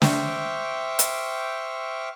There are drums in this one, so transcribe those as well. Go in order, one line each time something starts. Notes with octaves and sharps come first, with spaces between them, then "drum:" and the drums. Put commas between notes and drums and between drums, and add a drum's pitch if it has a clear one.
C5 E5 G5 C#6 D6 F6, drum: snare
drum: hi-hat